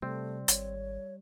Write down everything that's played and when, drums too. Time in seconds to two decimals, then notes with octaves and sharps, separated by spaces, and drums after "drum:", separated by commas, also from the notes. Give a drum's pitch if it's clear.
0.02 C3 G3 A3 C4
0.48 G#1 C#5, drum: hi-hat